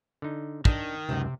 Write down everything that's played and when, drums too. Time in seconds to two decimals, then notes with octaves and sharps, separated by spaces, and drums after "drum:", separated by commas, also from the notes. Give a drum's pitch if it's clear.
0.22 D3 D#4
0.65 D#3 D4, drum: kick
1.09 C#2 F#2 C3